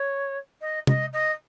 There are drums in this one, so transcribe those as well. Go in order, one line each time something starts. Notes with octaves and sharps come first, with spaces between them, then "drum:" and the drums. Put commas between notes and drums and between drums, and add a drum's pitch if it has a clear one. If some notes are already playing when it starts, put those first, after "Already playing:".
Already playing: C#5
D#5
D#5, drum: tom C3
D#5